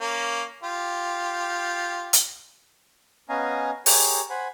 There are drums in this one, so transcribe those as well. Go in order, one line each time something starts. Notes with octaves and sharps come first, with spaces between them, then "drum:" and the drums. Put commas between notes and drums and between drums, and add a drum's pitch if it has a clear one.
A#3 C#4
F4 G4
drum: hi-hat
B3 C#4 D#5 F5 G#5 A#5
G4 G#4 A#4 C#5, drum: open hi-hat
C5 F#5 G#5 B5